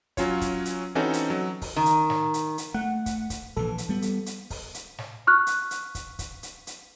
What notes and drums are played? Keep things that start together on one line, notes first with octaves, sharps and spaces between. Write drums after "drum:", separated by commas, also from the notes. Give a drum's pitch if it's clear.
F#3 C#4 F4 C#5, drum: kick, hi-hat
drum: kick, hi-hat
drum: hi-hat
E3 C4 C#4 D#4 F#4 A4
drum: hi-hat
F#3
drum: kick, open hi-hat
D#3
drum: hi-hat
drum: snare
drum: hi-hat
drum: hi-hat
A3 F#5
drum: kick, hi-hat
drum: kick, hi-hat
A#1 E3 A4
drum: hi-hat
G3 B3
drum: hi-hat
drum: hi-hat
drum: kick, open hi-hat
drum: hi-hat
drum: snare
C#6 F6 F#6
drum: hi-hat
drum: hi-hat
drum: kick, hi-hat
drum: kick, hi-hat
drum: hi-hat
drum: hi-hat